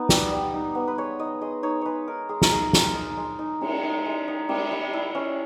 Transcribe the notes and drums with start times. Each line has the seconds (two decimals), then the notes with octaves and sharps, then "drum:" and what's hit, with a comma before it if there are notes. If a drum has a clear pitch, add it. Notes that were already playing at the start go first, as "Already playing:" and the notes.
Already playing: B3 D#4
0.09 G3, drum: snare
0.32 G3
0.54 D#4
0.75 B3
0.88 B4
0.98 G#3 C#5
1.19 D#4 D#5
1.41 G#3 D#5
1.63 D#4 C#5
1.81 G#3 B4 C#5
2.08 D#4 A#4
2.29 G#3 G#4
2.42 A#4, drum: snare
2.52 D#4 G#4
2.73 G#3 A#4, drum: snare
2.95 D#4
3.17 G#3
3.39 D#4
3.61 G#3, drum: cymbal
3.83 D#4
4.06 G#3
4.28 D#4
4.49 G3, drum: cymbal
4.72 G3
4.93 E4
5.15 C#4